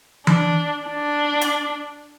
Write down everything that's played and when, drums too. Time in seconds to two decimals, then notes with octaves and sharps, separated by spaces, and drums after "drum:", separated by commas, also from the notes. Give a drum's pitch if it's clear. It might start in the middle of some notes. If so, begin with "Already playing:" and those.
0.27 D4, drum: tom E3
0.88 D4
1.41 drum: hi-hat